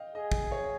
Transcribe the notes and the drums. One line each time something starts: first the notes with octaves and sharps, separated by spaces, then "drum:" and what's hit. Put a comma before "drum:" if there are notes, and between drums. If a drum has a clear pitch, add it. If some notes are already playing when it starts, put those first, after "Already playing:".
Already playing: D#5 F5 G5
G#4 D#5
drum: kick
C#5